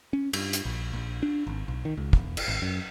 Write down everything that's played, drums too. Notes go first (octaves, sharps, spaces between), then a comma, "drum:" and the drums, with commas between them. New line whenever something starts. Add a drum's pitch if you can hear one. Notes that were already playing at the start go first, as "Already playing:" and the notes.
C#4
G2, drum: cymbal
drum: hi-hat
A#1
A#1
D4
G#1
B1
D#3
C#2
E1, drum: kick
drum: cymbal
G#1
F#2